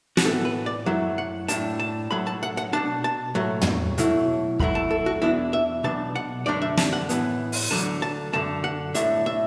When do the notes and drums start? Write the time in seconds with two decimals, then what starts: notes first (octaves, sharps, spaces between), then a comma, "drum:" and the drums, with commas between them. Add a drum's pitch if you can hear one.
0.17 F#4, drum: snare
0.25 A2 E3 B3 A4
0.45 B4
0.66 D5
0.86 F#2 F#3 A3 E4
1.18 F#5
1.48 A2 A3 D4 A5, drum: hi-hat
1.80 A5
2.11 A2 F#3 A3 B5
2.27 A5
2.43 F#5
2.57 F#5
2.73 B2 F#3 D4 A5
3.04 A5
3.35 A2 F#3 A3
3.61 drum: tom
3.98 B2 F#3 A3 E4, drum: hi-hat
4.59 B2 F#3 A3 E4 B5, drum: kick
4.75 A5
4.91 A4
5.06 F#4
5.22 E2 E3 B3 D4 E4
5.53 E5
5.83 B1 B2 B3 D4 A5
6.16 F#5
6.46 F#2 D3 A3 D4 D5
6.62 E5
6.77 A5, drum: snare
6.93 F#5
7.09 A2 E3 B3, drum: hi-hat
7.52 drum: open hi-hat
7.71 D2 D3 F#3 A5
8.02 A5
8.33 F#2 D3 A3 A5
8.64 F#5
8.94 B1 A2 A3 D4 E5, drum: hi-hat
9.26 E5